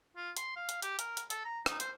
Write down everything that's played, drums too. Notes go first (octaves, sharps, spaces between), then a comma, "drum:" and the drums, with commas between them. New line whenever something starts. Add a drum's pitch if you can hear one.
F4
C6, drum: hi-hat
F5
drum: hi-hat
G4, drum: hi-hat
A#4, drum: hi-hat
drum: hi-hat
A4, drum: hi-hat
A#5
D#4, drum: rim click
C5, drum: hi-hat